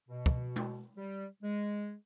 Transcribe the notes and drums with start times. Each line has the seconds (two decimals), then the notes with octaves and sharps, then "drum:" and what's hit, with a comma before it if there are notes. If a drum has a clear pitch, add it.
0.08 B2
0.26 drum: kick
0.56 drum: tom G#3
0.96 G3
1.42 G#3